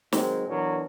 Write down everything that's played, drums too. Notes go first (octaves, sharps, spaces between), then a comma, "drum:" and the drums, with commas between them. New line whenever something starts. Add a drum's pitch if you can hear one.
D#3 F#3 G#3 C4, drum: snare
B2 E3 F#3 D4 A#4